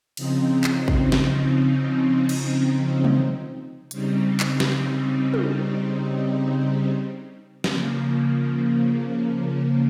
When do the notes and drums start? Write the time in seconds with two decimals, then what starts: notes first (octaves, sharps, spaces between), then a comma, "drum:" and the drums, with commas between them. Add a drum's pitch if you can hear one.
0.17 C#3 F3 C4 D#4, drum: cymbal
0.64 drum: clap
0.88 drum: kick
1.12 drum: snare
2.29 drum: cymbal
3.04 drum: tom
3.91 C#3 G3 C4 D#4, drum: hi-hat
4.40 drum: clap
4.60 drum: snare
5.34 drum: tom
7.64 C#3 F3 A#3, drum: snare